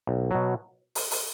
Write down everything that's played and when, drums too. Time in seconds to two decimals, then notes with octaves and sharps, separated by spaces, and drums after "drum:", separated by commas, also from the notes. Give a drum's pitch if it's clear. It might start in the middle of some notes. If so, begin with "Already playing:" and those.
0.07 B1
0.31 B2 F#3
0.95 drum: open hi-hat
1.11 drum: open hi-hat